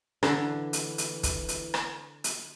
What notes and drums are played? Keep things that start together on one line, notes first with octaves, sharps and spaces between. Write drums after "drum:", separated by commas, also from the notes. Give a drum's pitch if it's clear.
D3 E3, drum: rim click
drum: hi-hat
drum: hi-hat
drum: kick, hi-hat
drum: hi-hat
drum: rim click
drum: hi-hat